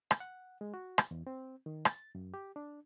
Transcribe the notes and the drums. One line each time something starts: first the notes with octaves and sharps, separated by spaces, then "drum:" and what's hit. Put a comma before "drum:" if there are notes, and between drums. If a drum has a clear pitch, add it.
drum: rim click
F#5
G#3
F#4
drum: rim click
E2
C4
D#3
A6, drum: rim click
F#2
G4
D4